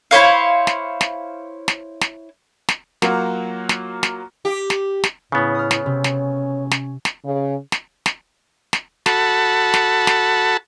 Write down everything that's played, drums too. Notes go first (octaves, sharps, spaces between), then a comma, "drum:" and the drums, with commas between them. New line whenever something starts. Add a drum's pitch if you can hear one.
E4 C5 C#5 F5
drum: snare
drum: snare
drum: snare
drum: snare
drum: snare
F#3 A#3 F4 F#4, drum: snare
drum: snare
drum: snare
G4
drum: snare
drum: snare
A2 C#3 B3 C#5
D#6 F6
drum: snare
C3 C#4
drum: snare
drum: snare
drum: snare
C#3
drum: snare
drum: snare
drum: snare
F#4 A4 A5 B5, drum: snare
drum: snare
drum: snare